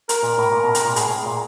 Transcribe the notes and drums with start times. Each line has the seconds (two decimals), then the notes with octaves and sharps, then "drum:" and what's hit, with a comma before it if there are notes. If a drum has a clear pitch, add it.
0.09 A#4, drum: hi-hat
0.23 A#2
0.38 A2
0.52 A#2
0.64 B2
0.75 C3, drum: hi-hat
0.85 A#2
0.96 A2 G#4, drum: hi-hat
1.11 A2
1.26 A#2